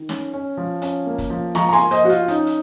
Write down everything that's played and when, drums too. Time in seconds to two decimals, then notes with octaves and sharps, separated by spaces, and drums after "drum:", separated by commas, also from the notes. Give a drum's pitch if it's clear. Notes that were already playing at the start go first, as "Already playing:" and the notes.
Already playing: D#3
0.09 C#4, drum: snare
0.33 C#4
0.57 F3
0.82 C#4, drum: hi-hat
1.07 A#3
1.18 drum: kick, hi-hat
1.30 F3
1.55 F3 A#5 C#6, drum: snare
1.69 A#5
1.73 G#5 C6, drum: hi-hat
1.79 A#3
1.91 C5 D#5, drum: hi-hat
2.03 F3 F#4
2.09 F4, drum: hi-hat
2.28 C#4 D#4, drum: hi-hat
2.47 drum: hi-hat